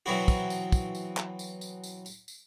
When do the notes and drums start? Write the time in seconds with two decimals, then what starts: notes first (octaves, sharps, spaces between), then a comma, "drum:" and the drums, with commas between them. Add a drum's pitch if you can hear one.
0.06 B2 E3 F#3 C4 E4 F#4
0.28 drum: kick, tambourine
0.50 drum: tambourine
0.72 drum: kick, tambourine
0.95 drum: tambourine
1.17 drum: clap
1.39 drum: tambourine
1.61 drum: tambourine
1.84 drum: tambourine
2.06 drum: tambourine
2.28 drum: tambourine